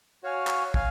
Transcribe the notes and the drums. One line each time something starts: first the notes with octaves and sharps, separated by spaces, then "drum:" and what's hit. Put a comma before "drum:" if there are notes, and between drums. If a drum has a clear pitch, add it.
F#4 C#5 F5 G#5
drum: clap
F5 G#5, drum: kick